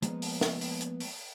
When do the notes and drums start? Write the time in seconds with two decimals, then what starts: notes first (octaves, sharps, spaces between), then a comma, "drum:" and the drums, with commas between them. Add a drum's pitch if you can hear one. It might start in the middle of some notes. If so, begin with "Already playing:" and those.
0.02 F3 G#3 A#3 B3, drum: hi-hat
0.22 drum: open hi-hat
0.41 drum: snare
0.61 drum: open hi-hat
0.81 drum: hi-hat
1.00 drum: open hi-hat